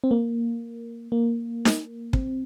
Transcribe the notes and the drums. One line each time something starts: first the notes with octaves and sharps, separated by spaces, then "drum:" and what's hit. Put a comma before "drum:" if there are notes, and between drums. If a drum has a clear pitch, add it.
C4
A#3
A#3
drum: snare D#4
C4, drum: kick